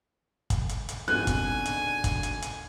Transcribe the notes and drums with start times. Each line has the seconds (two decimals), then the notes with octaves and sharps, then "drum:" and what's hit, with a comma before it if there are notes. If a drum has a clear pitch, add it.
0.50 drum: kick, hi-hat
0.69 drum: hi-hat
0.89 drum: hi-hat
1.08 F2 G#2 B2 D3 G#5 F#6
1.27 drum: kick, hi-hat
1.66 drum: hi-hat
2.04 drum: kick, hi-hat
2.23 drum: hi-hat
2.42 drum: hi-hat